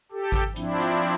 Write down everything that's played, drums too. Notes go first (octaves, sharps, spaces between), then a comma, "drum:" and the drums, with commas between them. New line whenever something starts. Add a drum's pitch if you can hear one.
G4 A4
drum: kick G#1, hi-hat
F3 C4 D4 E4, drum: hi-hat
drum: hi-hat